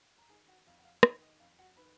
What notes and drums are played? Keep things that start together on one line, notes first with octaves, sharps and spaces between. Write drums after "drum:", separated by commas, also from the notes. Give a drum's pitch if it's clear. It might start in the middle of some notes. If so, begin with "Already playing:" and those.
A#5
D#3 G#4 G#5
F#4 F#5
F2 F5
F#5
F5
D#3 D#5, drum: rim click
D#5
F2 F5
F#4 F#5
D#3 B4 B5